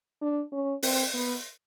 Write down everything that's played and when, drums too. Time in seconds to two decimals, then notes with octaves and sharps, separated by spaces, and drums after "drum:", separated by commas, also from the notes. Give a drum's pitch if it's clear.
0.21 D4
0.52 C#4
0.83 C4, drum: open hi-hat
1.14 B3